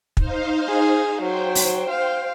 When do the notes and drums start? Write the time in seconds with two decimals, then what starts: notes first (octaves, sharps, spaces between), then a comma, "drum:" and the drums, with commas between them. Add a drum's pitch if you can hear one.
0.17 D#4 C5 F5, drum: kick
0.67 G#4
1.22 F#3 C5 G5
1.55 drum: open hi-hat
1.90 F5